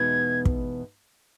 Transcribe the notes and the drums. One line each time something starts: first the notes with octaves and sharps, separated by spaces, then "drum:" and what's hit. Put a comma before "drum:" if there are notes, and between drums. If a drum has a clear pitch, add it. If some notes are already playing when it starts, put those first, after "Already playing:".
Already playing: E2 B2 G#3 B3 D#4 G#6
drum: kick